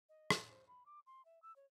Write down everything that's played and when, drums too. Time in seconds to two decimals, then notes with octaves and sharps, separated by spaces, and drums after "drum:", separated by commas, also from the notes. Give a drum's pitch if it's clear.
0.09 D#5
0.30 drum: rim click
0.50 C5
0.68 B5
0.86 D6
1.07 C6
1.25 E5
1.43 E6
1.56 C#5